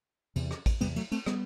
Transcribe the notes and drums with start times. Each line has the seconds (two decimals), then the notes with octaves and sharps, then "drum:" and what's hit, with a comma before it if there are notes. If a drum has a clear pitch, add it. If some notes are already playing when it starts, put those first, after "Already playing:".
0.36 E2 C3, drum: cymbal
0.51 drum: rim click
0.66 drum: kick A1, cymbal
0.81 E2 C3 G3 B3, drum: cymbal
0.96 F#3 A3, drum: cymbal
1.11 A3 C4, drum: cymbal
1.26 G3 B3, drum: rim click